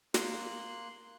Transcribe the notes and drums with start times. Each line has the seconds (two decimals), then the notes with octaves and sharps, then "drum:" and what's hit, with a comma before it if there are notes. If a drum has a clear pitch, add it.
0.14 A#3 C6 F#6, drum: snare